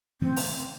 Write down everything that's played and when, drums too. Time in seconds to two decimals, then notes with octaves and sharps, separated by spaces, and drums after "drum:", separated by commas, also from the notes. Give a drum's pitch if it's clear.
0.21 C#3 E3 A3 C4 C#4
0.36 drum: open hi-hat